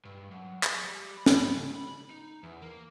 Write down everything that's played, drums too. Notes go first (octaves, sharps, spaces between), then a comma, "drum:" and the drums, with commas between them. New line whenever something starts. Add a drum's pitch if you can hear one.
G2
F#2
G#4, drum: clap
G3
B5
drum: snare
C#2
B5
D#4
E2
A#3